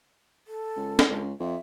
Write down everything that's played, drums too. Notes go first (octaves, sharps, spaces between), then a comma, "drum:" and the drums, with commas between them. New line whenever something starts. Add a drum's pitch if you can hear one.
A4
C#2
drum: snare
C#2
F2 E5